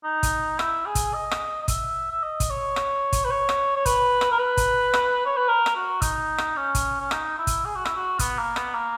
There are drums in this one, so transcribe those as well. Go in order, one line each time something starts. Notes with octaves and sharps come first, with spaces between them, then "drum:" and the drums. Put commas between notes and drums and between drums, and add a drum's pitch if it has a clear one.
D#4
drum: kick, hi-hat
E4, drum: rim click
G#4
drum: kick, hi-hat
D#5
drum: rim click
D#5
E5, drum: kick, hi-hat
E5
D#5
drum: kick, hi-hat
C#5
drum: rim click
drum: kick, hi-hat
B4
C#5
drum: rim click
C#5
B4, drum: kick, hi-hat
drum: rim click
A#4
B4
drum: kick, hi-hat
drum: rim click
C#5
B4
A#4
drum: rim click
F#4
D#4, drum: kick, hi-hat
drum: rim click
C#4
drum: kick, hi-hat
C#4
D#4, drum: rim click
E4
drum: kick, hi-hat
G#4
F#4
E4, drum: rim click
F#4
B3, drum: kick, hi-hat
A#3
B3, drum: rim click
A#3